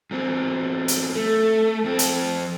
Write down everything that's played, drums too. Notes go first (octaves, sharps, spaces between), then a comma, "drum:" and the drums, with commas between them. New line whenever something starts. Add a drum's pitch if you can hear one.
F#2 C4
drum: hi-hat
A3
F2 C4
drum: hi-hat